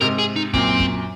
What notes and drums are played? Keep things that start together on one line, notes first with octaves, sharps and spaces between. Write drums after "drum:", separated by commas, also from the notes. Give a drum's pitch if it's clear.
G#2 C3 A#4
G#4
D#4
F#2 A#2 C4, drum: kick
drum: kick